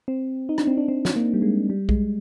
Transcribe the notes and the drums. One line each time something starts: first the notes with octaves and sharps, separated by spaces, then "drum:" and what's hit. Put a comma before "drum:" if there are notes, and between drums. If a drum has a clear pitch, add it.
C4
D#4
D4, drum: rim click
C4
D4
C4
drum: snare
A#3
G3
G#3
G3
G#3, drum: kick B1